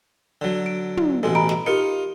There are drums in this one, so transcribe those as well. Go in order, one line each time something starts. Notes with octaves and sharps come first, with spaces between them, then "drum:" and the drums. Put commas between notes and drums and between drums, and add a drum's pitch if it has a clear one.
D3 F#3
D7
drum: tom
A1 B2 G#3 A4
A#5 B5 D7
drum: snare
D#4 F4 G4 A#4 C#7